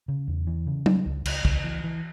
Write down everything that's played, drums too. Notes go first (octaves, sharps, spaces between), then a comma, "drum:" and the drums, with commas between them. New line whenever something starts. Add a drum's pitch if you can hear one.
C#3
E2
E3
C#3
G3, drum: tom F#3
C#2
C#2, drum: cymbal
C#2, drum: kick
E3
E3